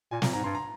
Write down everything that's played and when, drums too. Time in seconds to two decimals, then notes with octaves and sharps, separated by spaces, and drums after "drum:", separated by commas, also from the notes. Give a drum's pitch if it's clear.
0.11 A#2 G#5
0.22 A#2 A#5, drum: snare
0.33 G#2 A#5
0.44 G2 C6
0.55 A#5